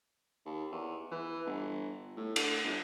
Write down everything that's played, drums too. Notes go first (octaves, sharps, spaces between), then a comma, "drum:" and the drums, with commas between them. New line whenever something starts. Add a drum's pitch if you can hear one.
D#2
E2
E3
G1
A2
D3, drum: cymbal
G1